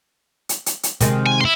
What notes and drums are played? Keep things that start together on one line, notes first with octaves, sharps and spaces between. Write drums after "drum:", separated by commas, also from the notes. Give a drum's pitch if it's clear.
drum: hi-hat
drum: hi-hat
drum: hi-hat
C3 D#3 G#3, drum: kick, hi-hat
G#5
E4 C6